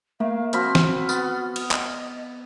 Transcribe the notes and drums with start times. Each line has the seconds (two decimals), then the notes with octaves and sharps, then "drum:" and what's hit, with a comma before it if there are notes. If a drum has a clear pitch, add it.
0.20 A3 A#3 F5
0.53 F3 C4 F#4 B5 F6, drum: hi-hat
0.75 drum: snare
1.09 B3, drum: tambourine
1.56 drum: cymbal
1.71 D#5, drum: clap